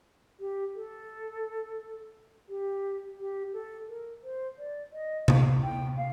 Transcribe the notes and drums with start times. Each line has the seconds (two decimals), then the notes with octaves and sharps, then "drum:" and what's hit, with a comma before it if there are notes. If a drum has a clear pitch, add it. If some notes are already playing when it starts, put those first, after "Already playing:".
0.40 G4
0.75 A4
2.49 G4
3.19 G4
3.53 A4
3.88 A#4
4.23 C5
4.58 D5
4.93 D#5
5.28 F5, drum: tom C3
5.63 G5
5.97 F5